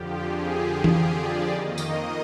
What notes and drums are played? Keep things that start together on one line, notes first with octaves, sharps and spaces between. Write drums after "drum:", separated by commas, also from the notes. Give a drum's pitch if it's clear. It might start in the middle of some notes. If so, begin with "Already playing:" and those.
Already playing: F2 D3 F3 G4
G#4
G4
drum: tom E3
D5
F2 D#3 A#3 D#5
drum: tambourine